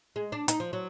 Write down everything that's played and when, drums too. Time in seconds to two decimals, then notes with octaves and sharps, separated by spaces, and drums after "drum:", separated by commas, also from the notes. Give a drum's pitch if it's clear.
0.16 G#3
0.32 D4
0.48 D#4, drum: hi-hat
0.60 F3
0.73 F#3